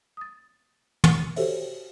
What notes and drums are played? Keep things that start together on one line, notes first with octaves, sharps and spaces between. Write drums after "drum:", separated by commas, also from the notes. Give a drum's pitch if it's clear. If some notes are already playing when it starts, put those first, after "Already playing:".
D#6 A6
drum: tom
F#4 G4 A4 C5 C#5 E5, drum: open hi-hat